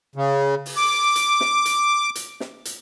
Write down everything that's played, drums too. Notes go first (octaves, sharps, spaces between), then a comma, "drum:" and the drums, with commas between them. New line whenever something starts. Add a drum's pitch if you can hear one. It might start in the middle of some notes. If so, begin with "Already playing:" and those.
C#3
drum: open hi-hat
D6
drum: hi-hat
drum: snare
drum: hi-hat
drum: hi-hat
drum: snare
drum: hi-hat